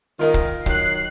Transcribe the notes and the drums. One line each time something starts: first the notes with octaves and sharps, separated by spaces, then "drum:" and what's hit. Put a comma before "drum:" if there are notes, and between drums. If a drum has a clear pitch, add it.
D#3 F4 A#4 D#5
drum: kick
D#3 F#3 F#6 C7, drum: kick